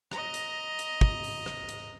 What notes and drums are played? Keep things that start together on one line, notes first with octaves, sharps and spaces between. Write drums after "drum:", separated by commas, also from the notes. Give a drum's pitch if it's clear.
D#5 A#5, drum: rim click
drum: hi-hat
drum: hi-hat
drum: kick
drum: open hi-hat
drum: rim click
drum: hi-hat